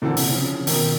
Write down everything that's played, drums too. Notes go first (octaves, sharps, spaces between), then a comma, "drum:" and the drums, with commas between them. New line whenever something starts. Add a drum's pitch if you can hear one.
A#2 D3 E3 C4 A4
C3, drum: open hi-hat
C#3 F3
B2 D#3, drum: open hi-hat